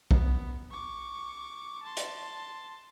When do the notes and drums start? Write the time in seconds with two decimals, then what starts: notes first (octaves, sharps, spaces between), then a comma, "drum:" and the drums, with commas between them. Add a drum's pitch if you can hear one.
0.11 B3, drum: kick
0.71 C#6 D6
1.83 A5 C6
1.97 drum: hi-hat